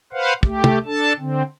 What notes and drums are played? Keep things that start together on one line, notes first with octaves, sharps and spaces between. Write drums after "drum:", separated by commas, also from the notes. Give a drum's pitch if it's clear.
B4 C5 F5 F#5
A3 G4, drum: kick
drum: tom
D4 A4 A5
D3 C4